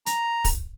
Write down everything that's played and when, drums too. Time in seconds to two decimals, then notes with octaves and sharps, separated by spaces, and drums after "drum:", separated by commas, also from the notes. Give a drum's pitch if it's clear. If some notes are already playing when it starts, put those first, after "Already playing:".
0.06 A#5, drum: hi-hat
0.44 drum: kick, open hi-hat